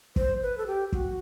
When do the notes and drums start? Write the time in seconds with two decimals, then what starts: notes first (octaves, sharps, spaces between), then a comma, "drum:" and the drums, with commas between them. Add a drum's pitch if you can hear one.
0.16 C5, drum: kick
0.42 B4
0.58 A4
0.67 G4
0.92 F#4, drum: kick